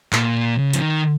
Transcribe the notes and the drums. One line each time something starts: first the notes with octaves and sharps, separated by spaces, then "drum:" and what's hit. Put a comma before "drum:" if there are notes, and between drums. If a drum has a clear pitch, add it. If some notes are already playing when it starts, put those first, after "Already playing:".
A#2, drum: clap
C#3
F3, drum: hi-hat
D#3